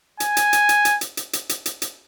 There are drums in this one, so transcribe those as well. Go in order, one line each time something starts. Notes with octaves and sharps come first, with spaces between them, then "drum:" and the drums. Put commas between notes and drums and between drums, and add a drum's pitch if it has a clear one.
G#5, drum: hi-hat
drum: hi-hat
drum: hi-hat
drum: hi-hat
drum: hi-hat
drum: hi-hat
drum: hi-hat
drum: hi-hat
drum: hi-hat
drum: hi-hat
drum: hi-hat